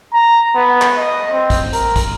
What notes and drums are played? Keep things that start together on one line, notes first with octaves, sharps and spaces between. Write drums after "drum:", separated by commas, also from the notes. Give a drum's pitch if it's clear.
A#5
B3
drum: clap
D#5
C4
drum: kick, hi-hat
A#4, drum: hi-hat
drum: kick, hi-hat